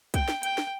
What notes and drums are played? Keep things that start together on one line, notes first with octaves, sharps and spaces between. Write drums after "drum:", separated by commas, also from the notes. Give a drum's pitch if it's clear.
G5, drum: kick C2, hi-hat
drum: snare
G5, drum: hi-hat
drum: snare